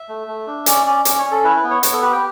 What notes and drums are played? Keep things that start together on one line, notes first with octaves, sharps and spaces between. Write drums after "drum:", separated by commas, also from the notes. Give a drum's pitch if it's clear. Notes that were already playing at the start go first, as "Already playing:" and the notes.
Already playing: E5
A3
A3
D4
C#4 D5, drum: hi-hat
C#4 D5
C#4 D5, drum: hi-hat
C#5
C#4
A4
E4 B4
B4
B3
C#5
B3 C#5, drum: hi-hat
A4
G4 B4
G5